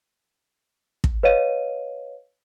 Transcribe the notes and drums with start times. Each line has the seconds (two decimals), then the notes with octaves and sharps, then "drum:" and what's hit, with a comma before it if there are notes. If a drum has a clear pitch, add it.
1.04 drum: kick
1.23 B4 C#5 D#5 F5 D#7